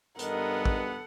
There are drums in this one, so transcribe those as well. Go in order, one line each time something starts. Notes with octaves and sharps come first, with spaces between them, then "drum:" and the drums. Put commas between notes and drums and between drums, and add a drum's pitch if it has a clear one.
G2 B3 A4 A#4 D#5 F#5, drum: hi-hat
drum: kick